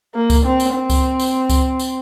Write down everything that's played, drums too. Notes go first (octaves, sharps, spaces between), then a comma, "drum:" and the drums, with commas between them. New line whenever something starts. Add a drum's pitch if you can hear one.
A#3
drum: kick C#2, tambourine
C4
drum: tambourine
C4
drum: kick C#2, tambourine
drum: tambourine
drum: kick C#2, tambourine
drum: tambourine